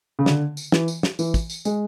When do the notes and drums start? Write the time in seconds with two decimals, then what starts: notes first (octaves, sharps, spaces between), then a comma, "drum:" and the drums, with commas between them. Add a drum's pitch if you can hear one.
0.19 C#3
0.26 D3, drum: snare
0.57 drum: tambourine
0.72 E3, drum: snare
0.88 drum: tambourine
1.03 drum: snare
1.19 E3, drum: tambourine
1.34 drum: kick, tambourine
1.50 drum: tambourine
1.65 G#3, drum: tambourine